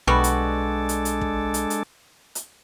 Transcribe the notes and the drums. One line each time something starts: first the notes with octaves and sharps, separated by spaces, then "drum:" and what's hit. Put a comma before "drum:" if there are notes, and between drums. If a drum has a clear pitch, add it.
B1 G3 G#3 B3 D4 F#4 A4
drum: hi-hat
drum: hi-hat
drum: hi-hat
drum: kick
drum: hi-hat
drum: hi-hat
drum: hi-hat